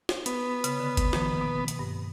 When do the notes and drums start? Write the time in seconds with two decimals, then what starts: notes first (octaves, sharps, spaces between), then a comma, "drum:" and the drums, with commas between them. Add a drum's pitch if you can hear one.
0.09 drum: snare
0.26 B3, drum: hi-hat
0.64 C#3, drum: hi-hat
0.80 D3
0.97 drum: kick G1, hi-hat
1.13 D#3 F3 A#3, drum: snare
1.41 B2
1.68 drum: hi-hat
1.79 G2